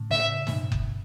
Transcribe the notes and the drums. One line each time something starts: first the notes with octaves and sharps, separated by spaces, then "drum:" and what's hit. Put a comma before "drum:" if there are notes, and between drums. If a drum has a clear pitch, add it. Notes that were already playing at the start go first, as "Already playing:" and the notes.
Already playing: A2 C#3
A2 C#3 E5
G2 B2, drum: snare
drum: kick F#1